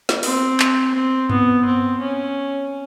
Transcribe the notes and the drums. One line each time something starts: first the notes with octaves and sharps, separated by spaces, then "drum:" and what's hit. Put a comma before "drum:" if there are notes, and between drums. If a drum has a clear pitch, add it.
drum: snare
C4, drum: open hi-hat
drum: clap
C4
B3, drum: tom G2
C4
C#4